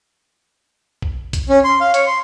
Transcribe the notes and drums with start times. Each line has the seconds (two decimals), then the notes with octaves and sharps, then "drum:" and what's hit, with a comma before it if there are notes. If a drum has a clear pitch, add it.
1.02 drum: kick B1
1.33 drum: kick B1, hi-hat
1.49 C#4
1.64 C6
1.81 F5
1.94 C#5, drum: hi-hat
2.07 C6